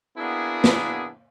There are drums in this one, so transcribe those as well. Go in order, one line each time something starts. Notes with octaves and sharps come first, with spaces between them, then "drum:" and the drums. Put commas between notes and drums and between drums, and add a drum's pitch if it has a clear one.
A#3 B3 D4 E4 F#4 G#4
drum: snare